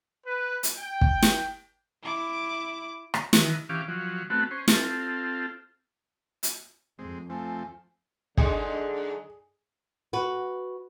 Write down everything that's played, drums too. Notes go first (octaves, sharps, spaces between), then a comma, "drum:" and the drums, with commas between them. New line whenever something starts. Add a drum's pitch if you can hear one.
B4
drum: hi-hat
G5
drum: kick
drum: snare
E4 D6
drum: rim click
D#3 E3, drum: snare
E3 C#4 G4 F5 D6
F3 F#3
A3 B3 C4 F#4
C#4 C5
C4 F4 A4, drum: snare
drum: hi-hat
F2 G#3 C4
F3 A3 C4 G#5
F#2 D3 G#3 D#4 G#4, drum: kick
F#4 B4